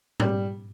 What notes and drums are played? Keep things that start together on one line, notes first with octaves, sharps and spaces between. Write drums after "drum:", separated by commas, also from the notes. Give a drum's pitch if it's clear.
G3, drum: tom